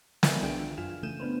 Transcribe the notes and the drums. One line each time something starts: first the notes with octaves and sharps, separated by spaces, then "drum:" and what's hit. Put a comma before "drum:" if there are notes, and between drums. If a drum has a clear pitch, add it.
A#4 B4 D5 E5 F5 G#5, drum: snare
B1 D4 G#4 G5 D7
F4
F#2 F4 F5 G#5 F6 E7
C#3 E3 A3 G6 D#7 E7
B3 D4 B4 C5